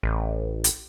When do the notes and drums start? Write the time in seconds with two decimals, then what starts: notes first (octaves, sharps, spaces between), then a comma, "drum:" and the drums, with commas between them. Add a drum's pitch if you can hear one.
0.03 A1
0.64 drum: hi-hat